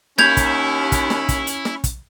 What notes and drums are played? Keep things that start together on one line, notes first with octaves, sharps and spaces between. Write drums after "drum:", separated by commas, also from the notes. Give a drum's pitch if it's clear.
D#2 C#4 E4 G6 G#6 F7, drum: snare
drum: kick, hi-hat
drum: kick, hi-hat
drum: snare
drum: kick, hi-hat
drum: hi-hat
drum: snare
drum: kick, hi-hat